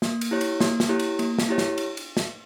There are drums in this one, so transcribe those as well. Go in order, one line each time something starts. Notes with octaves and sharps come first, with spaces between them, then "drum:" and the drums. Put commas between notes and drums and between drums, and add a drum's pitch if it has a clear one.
A#3, drum: snare
drum: cymbal
E4 G4 C#5
drum: cymbal
A#3, drum: snare
drum: snare
E4 G4 C#5
drum: cymbal
A#3, drum: cymbal
drum: snare
E4 G4 C#5
drum: snare
drum: cymbal
drum: cymbal
drum: snare